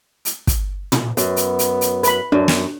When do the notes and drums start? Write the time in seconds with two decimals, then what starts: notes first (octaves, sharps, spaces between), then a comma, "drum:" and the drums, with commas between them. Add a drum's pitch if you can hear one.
0.25 drum: hi-hat
0.47 drum: kick, hi-hat
0.92 drum: tom
1.17 F#2 B3, drum: hi-hat
1.37 drum: hi-hat
1.59 drum: hi-hat
1.81 drum: hi-hat
2.03 B4 B5, drum: hi-hat
2.32 F#2 D4
2.48 drum: snare